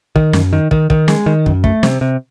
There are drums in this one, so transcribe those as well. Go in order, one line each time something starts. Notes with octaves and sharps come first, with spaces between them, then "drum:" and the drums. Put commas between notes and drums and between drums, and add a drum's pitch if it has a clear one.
D#3, drum: kick
F#2, drum: snare
D#3
D#3, drum: kick
D#3, drum: kick
G#3, drum: snare
D#3
F#2, drum: kick
A3, drum: kick
C3, drum: snare
C3